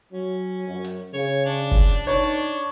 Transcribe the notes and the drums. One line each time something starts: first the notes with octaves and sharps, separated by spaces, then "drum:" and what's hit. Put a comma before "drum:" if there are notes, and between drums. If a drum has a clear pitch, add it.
F#3 C#4
F#2
drum: hi-hat
C#3 C#5
D4
drum: kick
drum: hi-hat
D4 D#4 C#5
drum: hi-hat